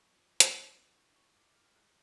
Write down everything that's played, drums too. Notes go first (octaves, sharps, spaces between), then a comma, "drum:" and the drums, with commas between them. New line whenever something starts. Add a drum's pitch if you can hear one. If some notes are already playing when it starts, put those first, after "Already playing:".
Already playing: F2 F#3 C#6
F2
drum: hi-hat
D3
A2 C#6
C#6
A2 D6
F6
G#3 F#6